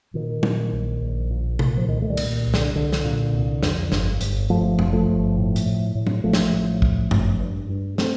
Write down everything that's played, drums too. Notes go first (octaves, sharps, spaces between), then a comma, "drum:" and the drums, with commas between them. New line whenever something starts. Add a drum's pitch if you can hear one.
A#2 D#3
A#2, drum: tom
A#1
A#1
A#2
A#2, drum: tom C3
F3
C2 D#3
A3
D#3 G3
A#2, drum: cymbal
C2
D3, drum: snare
C2 D3
drum: snare
A#2
C2
F2, drum: snare
G1, drum: snare
G1, drum: hi-hat
G1 F3 A3
G1, drum: tom F#2
F3 A3
G1
A2
drum: hi-hat
A2
A2
drum: tom
A1 F3 A3
drum: snare
A2
A1, drum: kick
G1, drum: tom F#2
G2
G2
A3 C4, drum: snare